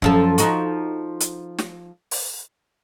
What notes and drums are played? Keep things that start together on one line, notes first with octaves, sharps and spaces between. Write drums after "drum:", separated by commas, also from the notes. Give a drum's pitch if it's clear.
F#2 F3 A4, drum: kick
F3 D#4 F#4, drum: hi-hat
drum: hi-hat
drum: snare
drum: open hi-hat